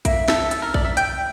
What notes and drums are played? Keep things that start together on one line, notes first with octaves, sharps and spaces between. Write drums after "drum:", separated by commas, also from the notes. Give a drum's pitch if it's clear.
A#3 E5, drum: kick A#1, hi-hat
A4, drum: snare
A4, drum: hi-hat
A#4
D5, drum: kick A#1
E5
G5, drum: hi-hat